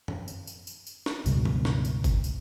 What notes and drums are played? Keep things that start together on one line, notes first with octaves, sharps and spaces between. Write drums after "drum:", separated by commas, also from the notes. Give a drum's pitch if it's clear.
drum: tom
drum: tambourine
drum: tambourine
drum: tambourine
drum: tambourine
drum: snare
C#2 G2 B2, drum: tambourine
drum: tom D#3
drum: snare
drum: tambourine
drum: kick, tambourine
drum: tambourine